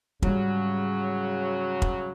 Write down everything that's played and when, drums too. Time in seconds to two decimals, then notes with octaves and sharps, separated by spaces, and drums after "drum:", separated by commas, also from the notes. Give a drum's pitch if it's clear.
0.22 G#2 C#3 F#3 G3, drum: kick
1.82 drum: kick